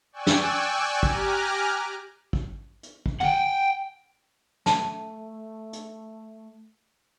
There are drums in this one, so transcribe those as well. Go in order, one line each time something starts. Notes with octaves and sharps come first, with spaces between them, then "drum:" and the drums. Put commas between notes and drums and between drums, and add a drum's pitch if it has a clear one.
D5 G5 G#5 C#6 E6 F#6
drum: snare
G4 G#5 A#5 D6 F6 F#6, drum: kick
drum: kick
drum: hi-hat
drum: kick
F#5 G5, drum: tom
A3 A5, drum: snare
drum: hi-hat